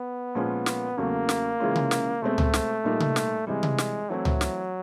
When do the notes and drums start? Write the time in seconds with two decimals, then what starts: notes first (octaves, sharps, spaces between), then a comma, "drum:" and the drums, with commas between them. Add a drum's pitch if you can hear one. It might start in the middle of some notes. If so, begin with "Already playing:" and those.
Already playing: B3
0.35 A#2 F3 G#3 C#4 F4
0.66 drum: snare
0.97 E2 C#3 F#3 A3 A#3
1.29 drum: snare
1.60 C#3 E3 G#3 C#4 F4
1.75 drum: tom C3
1.91 drum: snare
2.22 B2 G#3 A3 C4
2.38 drum: tom C#2
2.54 drum: snare
2.84 A#2 G3 A#3 D#4
3.00 drum: tom C3
3.16 drum: snare
3.47 C3 E3 G3 G#3
3.63 drum: tom C3
3.78 drum: snare
4.09 E3 F#3 A3 C4 E4
4.25 drum: tom C#2
4.41 drum: snare